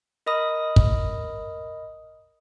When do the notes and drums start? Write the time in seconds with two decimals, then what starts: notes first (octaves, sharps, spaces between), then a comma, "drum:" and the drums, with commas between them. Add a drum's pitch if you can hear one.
0.26 A#4 D#5 B5 D#6
0.76 drum: kick